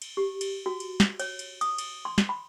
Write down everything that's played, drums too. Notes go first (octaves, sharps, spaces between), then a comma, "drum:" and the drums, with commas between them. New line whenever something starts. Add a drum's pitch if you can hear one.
drum: cymbal
G4
drum: cymbal
F#4
drum: cymbal
drum: snare
C#5, drum: cymbal
drum: cymbal
D#6, drum: cymbal
drum: cymbal
C6
drum: snare
B5